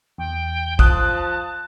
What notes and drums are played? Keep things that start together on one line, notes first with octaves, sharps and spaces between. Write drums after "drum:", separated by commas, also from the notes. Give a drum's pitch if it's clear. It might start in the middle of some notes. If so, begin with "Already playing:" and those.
E2 G5
F3 A5 D#6 F#6, drum: kick A#1